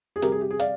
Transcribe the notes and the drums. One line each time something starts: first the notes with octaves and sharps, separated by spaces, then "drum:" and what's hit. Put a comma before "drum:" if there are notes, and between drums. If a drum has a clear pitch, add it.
G#4
C3 G3 G4 A#4, drum: hi-hat
G#4
G4
G#4
D5 F5, drum: hi-hat